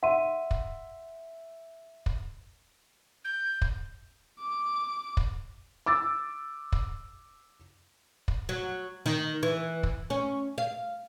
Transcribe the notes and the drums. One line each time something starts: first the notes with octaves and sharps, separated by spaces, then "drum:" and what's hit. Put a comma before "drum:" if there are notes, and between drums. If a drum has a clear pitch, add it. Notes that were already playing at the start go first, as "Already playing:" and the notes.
E5 F#5 C6 D#7
drum: kick
drum: kick
G6
drum: kick
D6
drum: kick
D6 E6 A6
drum: kick
drum: kick
F#3
D#3
E3
drum: kick
C#4
F5